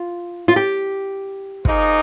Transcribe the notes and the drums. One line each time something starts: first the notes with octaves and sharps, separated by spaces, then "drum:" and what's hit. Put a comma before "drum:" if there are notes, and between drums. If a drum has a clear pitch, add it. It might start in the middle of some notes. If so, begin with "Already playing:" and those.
Already playing: F4
F4
G4
F3 A#3 D#4 G#4, drum: kick